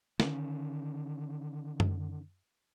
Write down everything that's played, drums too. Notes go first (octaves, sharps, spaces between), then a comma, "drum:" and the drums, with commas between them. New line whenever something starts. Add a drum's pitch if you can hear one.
D3 D#3 B3 C#4, drum: snare
drum: tom F#2